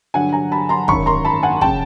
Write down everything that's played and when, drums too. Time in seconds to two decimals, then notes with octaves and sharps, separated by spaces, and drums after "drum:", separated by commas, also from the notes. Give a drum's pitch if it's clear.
0.14 G2 D3 F#3 F#5 G#5
0.32 G#5 A#5
0.52 A5 B5
0.69 A#5 C6
0.88 G#1 F#2 D#3 B5 C#6, drum: kick
1.06 A#5 C6
1.25 A5 B5
1.43 F#5 G#5
1.61 C#3 G5 A5, drum: kick